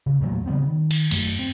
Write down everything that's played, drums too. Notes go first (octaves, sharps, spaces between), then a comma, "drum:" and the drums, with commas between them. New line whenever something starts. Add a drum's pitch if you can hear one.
C#3
E2 A#2 F#3 A3
C#3 G3 B3 C4
D#3
drum: cymbal
F#2 A3, drum: cymbal
C4